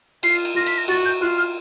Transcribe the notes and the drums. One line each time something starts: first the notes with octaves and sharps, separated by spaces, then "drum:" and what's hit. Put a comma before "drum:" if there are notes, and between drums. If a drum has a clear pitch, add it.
F4 C7, drum: cymbal
drum: cymbal
F4 A#6
B6, drum: cymbal
A#6
F#4 A6, drum: cymbal
G6
F4 F#6
F6